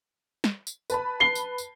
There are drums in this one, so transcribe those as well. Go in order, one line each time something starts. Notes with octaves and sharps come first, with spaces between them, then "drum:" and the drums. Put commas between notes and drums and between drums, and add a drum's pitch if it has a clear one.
drum: snare
drum: tambourine
B4 A5 B5, drum: tambourine
C7 G7
drum: tambourine
drum: tambourine